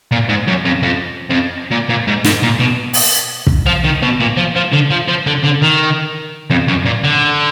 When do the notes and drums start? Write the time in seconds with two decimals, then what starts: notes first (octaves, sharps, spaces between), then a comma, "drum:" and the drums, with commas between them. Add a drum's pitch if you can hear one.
0.12 A#2
0.29 G#2
0.47 F#2
0.65 F2
0.82 F2
1.30 F2
1.71 A#2
1.89 A#2
2.07 G#2
2.24 G#2, drum: snare
2.43 A#2
2.60 B2
2.93 drum: open hi-hat
3.47 drum: kick
3.66 F3
3.84 D#3
4.02 B2
4.20 A#2
4.37 F3
4.55 F3
4.73 D3
4.91 F3
5.08 F3
5.27 D3
5.44 D3
5.62 D#3
6.50 F2
6.68 F#2
6.85 A#2
7.04 D3